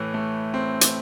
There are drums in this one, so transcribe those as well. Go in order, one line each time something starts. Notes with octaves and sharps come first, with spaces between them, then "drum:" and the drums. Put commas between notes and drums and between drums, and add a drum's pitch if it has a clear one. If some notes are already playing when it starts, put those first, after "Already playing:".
Already playing: A2 E3 A3
A3
C4
drum: hi-hat